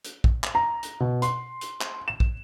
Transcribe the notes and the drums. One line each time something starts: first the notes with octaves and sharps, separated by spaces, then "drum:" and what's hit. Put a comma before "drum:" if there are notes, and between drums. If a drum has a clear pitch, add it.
drum: hi-hat
drum: kick A#1
drum: clap
A#5
drum: hi-hat
B2
C6, drum: hi-hat
drum: hi-hat
drum: clap
E7
drum: kick A#1